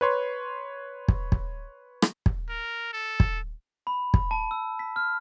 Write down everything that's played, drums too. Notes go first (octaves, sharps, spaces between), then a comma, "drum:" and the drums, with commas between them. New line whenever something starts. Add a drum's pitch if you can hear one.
B4 C#5 C6
drum: kick
drum: kick
drum: rim click
drum: kick
A#4
A4
drum: kick
B5
drum: kick
A5
E6
B6
F6